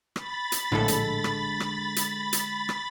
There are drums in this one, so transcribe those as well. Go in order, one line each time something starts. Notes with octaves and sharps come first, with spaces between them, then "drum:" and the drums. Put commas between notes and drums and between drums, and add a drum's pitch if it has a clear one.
B5 A6, drum: rim click
drum: hi-hat
A#1 A2 D3 G#3 A4
drum: hi-hat
drum: rim click
drum: rim click
drum: hi-hat
drum: hi-hat
drum: rim click